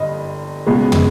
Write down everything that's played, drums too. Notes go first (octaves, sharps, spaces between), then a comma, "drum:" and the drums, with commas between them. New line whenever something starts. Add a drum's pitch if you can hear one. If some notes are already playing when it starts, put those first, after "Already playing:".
Already playing: G1 G2 D3 D#5
C#2 B2 G#3 B3
drum: tom